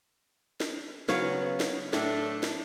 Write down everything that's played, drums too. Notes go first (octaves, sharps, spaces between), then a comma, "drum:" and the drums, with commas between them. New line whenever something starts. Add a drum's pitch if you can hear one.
drum: snare
C#3 F#3 B3 C#5 F5, drum: snare
drum: snare
A2 A3 D4, drum: snare
drum: snare